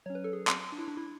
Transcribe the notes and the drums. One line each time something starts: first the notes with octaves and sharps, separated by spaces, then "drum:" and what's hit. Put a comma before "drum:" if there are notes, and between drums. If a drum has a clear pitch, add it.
F#3 C#4 C#5
B4
A4
G#4
drum: clap
D4
E4
D4
E4